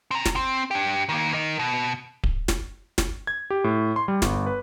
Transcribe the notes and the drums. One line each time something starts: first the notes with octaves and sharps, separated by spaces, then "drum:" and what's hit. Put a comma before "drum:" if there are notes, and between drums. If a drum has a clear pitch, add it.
C4 A#5
drum: snare
C4
D4 G4
D#3 A#3
A#4 D#5
B2
drum: kick D1
drum: snare
drum: snare
G#6
G4
A2
C6
G3
G1, drum: snare
B4